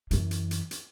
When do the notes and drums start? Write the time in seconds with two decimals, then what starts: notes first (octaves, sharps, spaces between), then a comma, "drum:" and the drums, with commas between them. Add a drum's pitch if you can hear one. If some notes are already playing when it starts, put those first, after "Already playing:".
0.11 F#2 E3, drum: hi-hat
0.31 drum: hi-hat
0.51 drum: hi-hat
0.71 drum: hi-hat